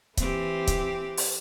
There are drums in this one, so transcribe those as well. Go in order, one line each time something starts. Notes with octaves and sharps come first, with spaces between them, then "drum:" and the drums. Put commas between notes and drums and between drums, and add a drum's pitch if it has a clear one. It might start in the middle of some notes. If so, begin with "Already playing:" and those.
E3 C4 G4, drum: kick, hi-hat
drum: kick, hi-hat
drum: open hi-hat